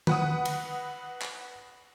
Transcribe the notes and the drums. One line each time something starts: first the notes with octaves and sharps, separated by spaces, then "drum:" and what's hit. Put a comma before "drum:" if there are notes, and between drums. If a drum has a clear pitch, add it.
B4 F#5 D#6, drum: tom D3
drum: cymbal
drum: clap